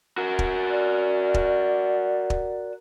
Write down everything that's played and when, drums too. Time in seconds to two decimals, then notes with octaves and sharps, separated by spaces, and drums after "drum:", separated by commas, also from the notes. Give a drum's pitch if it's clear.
0.18 F#4 A#4
0.39 drum: kick
0.71 D5
1.34 drum: kick
2.30 drum: kick